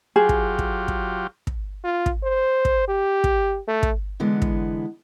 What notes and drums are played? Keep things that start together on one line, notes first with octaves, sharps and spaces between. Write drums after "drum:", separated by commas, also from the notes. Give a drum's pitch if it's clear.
F#3 F4 G4 G#4
drum: kick
drum: kick
drum: kick
drum: kick
F4
drum: kick
C5
drum: kick
G4
drum: kick
A3
drum: kick
D3 E3 G#3 B3
drum: kick